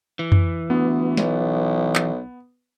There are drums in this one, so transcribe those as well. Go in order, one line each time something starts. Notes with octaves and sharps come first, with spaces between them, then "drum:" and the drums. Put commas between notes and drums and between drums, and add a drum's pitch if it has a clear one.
E3
drum: tom F2
D2 B3
B1, drum: snare
drum: clap